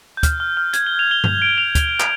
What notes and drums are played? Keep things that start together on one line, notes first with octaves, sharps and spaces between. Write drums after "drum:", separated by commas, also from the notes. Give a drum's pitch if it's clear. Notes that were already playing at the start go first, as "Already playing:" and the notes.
G6
F6, drum: kick, hi-hat
F6
F6
G#6, drum: hi-hat
G7
F7
G7
F7, drum: tom G2
D7
F7
F7, drum: kick, hi-hat
drum: clap